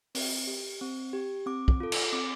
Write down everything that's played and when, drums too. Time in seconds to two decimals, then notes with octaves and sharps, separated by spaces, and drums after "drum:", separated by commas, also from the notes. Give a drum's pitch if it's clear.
0.15 C4, drum: open hi-hat
0.47 G4
0.81 C4
1.13 G4
1.46 C4 D6
1.68 drum: kick
1.80 F4 A4
1.92 drum: cymbal
2.12 C4 D6